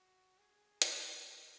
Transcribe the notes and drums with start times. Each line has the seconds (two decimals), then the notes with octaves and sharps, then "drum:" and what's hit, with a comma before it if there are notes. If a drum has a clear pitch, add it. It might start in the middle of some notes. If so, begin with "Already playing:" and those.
Already playing: F#4
0.38 G#4
0.82 C#5, drum: hi-hat
1.10 A#4